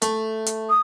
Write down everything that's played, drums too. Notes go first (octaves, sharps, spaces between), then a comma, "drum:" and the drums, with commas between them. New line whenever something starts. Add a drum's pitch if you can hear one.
A3, drum: hi-hat
drum: hi-hat
D#6